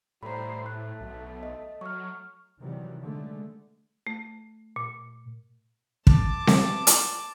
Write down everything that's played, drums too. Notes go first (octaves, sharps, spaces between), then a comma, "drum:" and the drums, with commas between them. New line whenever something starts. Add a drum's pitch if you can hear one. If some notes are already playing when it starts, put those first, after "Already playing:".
A2 G3 C5 A#5 B5
A3 F#6
B1
D#5
F#3 C#6 F6
C3 D#3 E3 F#3 G3
D3 G#3 A3
A3
A#2
A5 D6, drum: kick
drum: snare C4
drum: hi-hat